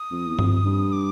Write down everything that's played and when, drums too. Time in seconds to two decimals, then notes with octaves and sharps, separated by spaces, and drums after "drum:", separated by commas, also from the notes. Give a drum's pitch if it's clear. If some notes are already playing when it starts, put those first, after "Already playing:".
Already playing: D#6
0.11 F2
0.27 E2
0.39 F2, drum: tom G2
0.65 G2
0.92 D6